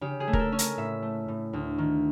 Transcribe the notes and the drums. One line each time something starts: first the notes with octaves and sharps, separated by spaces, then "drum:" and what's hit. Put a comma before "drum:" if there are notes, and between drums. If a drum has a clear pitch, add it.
C#3 G4
G#4
A3
A#4, drum: kick
A4
C#4
A#4, drum: hi-hat
A2 E5
A3
A2
D2
D#3